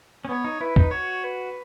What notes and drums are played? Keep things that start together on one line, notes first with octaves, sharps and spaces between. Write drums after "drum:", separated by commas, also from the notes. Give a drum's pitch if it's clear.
C#4
B3 C#5
D#4
E4 B4
D#4, drum: kick C2
F#4 C#5
B4